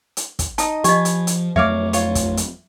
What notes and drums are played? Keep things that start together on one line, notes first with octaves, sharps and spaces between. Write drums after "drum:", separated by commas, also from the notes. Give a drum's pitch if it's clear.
drum: hi-hat
drum: kick, hi-hat
D#4 D#5 A5, drum: hi-hat
F3 G4 D#5 G#5 B5, drum: hi-hat
drum: hi-hat
drum: hi-hat
F2 F#3 A3 C#5 E5 F5 D6
F4 C#5, drum: hi-hat
drum: kick, hi-hat
drum: hi-hat